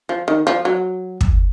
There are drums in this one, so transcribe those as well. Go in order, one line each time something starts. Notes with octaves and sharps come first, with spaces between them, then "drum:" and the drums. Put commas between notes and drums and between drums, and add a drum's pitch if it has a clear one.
F3
D#3
F3
F#3
drum: kick